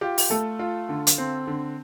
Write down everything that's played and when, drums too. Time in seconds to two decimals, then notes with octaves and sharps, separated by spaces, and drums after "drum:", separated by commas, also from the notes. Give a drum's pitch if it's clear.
0.01 F4 G4
0.18 drum: open hi-hat
0.30 A3 A4
0.59 F4
0.89 D3
1.07 drum: hi-hat
1.18 C4
1.47 D3